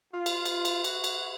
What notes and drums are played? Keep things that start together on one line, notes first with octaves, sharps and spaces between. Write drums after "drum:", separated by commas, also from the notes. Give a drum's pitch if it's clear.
F4
drum: cymbal
drum: cymbal
drum: cymbal
F#4, drum: cymbal
drum: cymbal